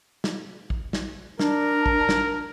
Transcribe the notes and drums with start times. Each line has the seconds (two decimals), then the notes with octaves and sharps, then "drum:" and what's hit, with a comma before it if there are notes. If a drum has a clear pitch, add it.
0.24 drum: snare
0.70 drum: kick
0.93 drum: snare
1.39 D4 A#4, drum: snare
1.86 drum: kick
2.09 drum: snare